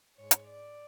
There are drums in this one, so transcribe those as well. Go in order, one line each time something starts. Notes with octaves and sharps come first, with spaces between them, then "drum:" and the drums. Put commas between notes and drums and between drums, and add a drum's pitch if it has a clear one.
G#2 G#3 C#5
drum: hi-hat
D5